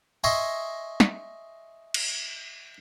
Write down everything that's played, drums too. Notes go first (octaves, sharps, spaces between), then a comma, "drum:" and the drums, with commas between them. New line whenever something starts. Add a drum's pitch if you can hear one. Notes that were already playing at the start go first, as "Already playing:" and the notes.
D#5 E5 G#5 C6 C#6
drum: snare
drum: cymbal